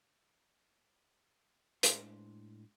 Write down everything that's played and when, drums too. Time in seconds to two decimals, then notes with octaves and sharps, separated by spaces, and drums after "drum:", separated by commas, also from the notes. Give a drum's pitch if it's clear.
1.83 A2 G#3 D4 C5 C6, drum: hi-hat